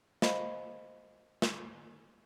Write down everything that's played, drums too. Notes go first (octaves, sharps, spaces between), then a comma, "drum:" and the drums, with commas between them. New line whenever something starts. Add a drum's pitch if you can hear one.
C5 D#5 F5 B5, drum: snare
drum: snare